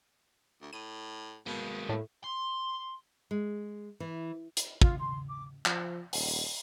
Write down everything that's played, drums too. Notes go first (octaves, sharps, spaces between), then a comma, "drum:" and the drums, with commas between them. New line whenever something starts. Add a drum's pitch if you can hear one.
D2
A2 D#7
B2 G#3 A#3
A2
C6
G#3
E3
drum: hi-hat
F4, drum: kick
C6
D6
F3, drum: clap
D#1, drum: open hi-hat